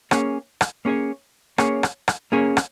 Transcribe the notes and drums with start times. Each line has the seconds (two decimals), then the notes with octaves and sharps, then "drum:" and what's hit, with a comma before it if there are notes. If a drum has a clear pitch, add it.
0.11 A#3 C#4 G#4 C#5, drum: rim click
0.61 drum: rim click
0.85 A#3 C#4 G#4 C#5
1.58 A#3 C#4 G#4 C#5, drum: rim click
1.83 drum: rim click
2.08 drum: rim click
2.32 A#3 C#4 G#4 C#5
2.57 drum: rim click